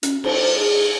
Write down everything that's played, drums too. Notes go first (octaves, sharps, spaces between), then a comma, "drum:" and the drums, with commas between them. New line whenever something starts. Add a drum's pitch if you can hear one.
C#4, drum: hi-hat
C5, drum: cymbal
G#4